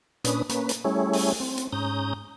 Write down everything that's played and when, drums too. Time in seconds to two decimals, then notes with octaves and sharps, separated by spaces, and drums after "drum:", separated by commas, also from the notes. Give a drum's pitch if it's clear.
0.24 A#2 C#4 D4 B4 D#6, drum: hi-hat
0.49 A#3 C#4 B4, drum: hi-hat
0.69 drum: hi-hat
0.84 G3 A3 C#4 E4 G#4 C#5
1.13 drum: open hi-hat
1.40 C4
1.58 drum: hi-hat
1.73 G#2 C#4 A#5 D#6 G6